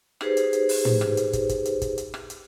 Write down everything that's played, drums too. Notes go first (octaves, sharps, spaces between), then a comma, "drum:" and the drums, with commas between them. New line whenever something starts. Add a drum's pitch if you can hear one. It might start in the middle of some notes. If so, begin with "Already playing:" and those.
D#4 G4 G#4 B4 C5, drum: rim click
drum: hi-hat
drum: hi-hat
drum: open hi-hat
drum: tom
drum: rim click
drum: hi-hat
drum: kick, hi-hat
drum: kick, hi-hat
drum: hi-hat
drum: kick, hi-hat
drum: hi-hat
drum: rim click
drum: hi-hat